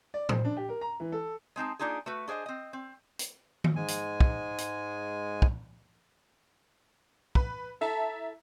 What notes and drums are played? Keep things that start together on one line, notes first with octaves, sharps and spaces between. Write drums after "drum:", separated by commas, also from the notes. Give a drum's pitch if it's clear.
D5
C5, drum: tom
D4
G4
A#4
A#5
E3
A4
G#3 C4 D#4 A5
A#3 D4 D#4 F4 G#4
A3 F#4 B4
D4 G#4 C5 C#5 D#5
C4 D#5
C4
drum: hi-hat
drum: tom D#3
G#2 G#3 G#5
drum: hi-hat
drum: kick
drum: hi-hat
drum: kick
B4, drum: kick
E4 A4 E5 A5 A#5